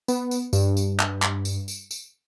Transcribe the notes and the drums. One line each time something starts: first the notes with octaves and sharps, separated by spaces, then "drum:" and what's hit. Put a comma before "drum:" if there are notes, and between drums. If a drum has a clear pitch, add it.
B3, drum: tambourine
drum: tambourine
G2, drum: tambourine
drum: tambourine
drum: clap
drum: clap
drum: tambourine
drum: tambourine
drum: tambourine